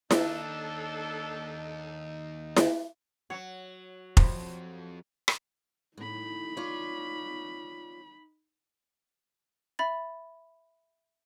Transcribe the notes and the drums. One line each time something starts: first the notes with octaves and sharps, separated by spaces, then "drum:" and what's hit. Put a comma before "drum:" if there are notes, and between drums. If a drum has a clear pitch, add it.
D#2 D4 D#4 A4, drum: snare E4
drum: snare E4
F#3 C#5
F2 F3 G3, drum: kick F1
drum: rim click
A2 D#4 B5
F4 C#5 D5
E5 B5 A6